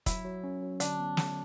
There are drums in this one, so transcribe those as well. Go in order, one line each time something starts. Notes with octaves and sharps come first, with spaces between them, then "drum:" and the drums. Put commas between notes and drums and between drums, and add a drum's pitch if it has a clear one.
F#3 E4, drum: kick, hi-hat
F#3
C#4
F#3
D3 D4, drum: hi-hat
B3
D3, drum: snare